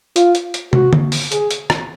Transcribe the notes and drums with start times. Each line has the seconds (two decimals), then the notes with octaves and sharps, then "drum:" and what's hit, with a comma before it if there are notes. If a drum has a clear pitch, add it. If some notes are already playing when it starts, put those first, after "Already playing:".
0.16 F4, drum: hi-hat
0.35 drum: hi-hat
0.54 drum: hi-hat
0.73 F#4, drum: tom
0.93 drum: tom D3
1.12 drum: open hi-hat
1.32 G#4, drum: hi-hat
1.51 drum: hi-hat
1.70 drum: rim click